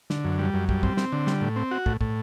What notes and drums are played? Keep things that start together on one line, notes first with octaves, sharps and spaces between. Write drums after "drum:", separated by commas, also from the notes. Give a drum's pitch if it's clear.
D3, drum: snare
F#2
G3
F#2
G3, drum: kick
C4, drum: kick
C4, drum: snare
D3
G3, drum: snare
A2
C4
F#4
A2, drum: kick
A2, drum: kick